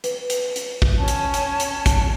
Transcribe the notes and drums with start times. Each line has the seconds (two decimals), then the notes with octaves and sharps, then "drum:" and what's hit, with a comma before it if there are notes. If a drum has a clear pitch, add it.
0.04 B4, drum: hi-hat
0.30 drum: hi-hat
0.56 drum: hi-hat
0.82 drum: kick
0.97 C#4 A5
1.08 drum: hi-hat
1.34 drum: hi-hat
1.60 drum: hi-hat
1.86 drum: kick, hi-hat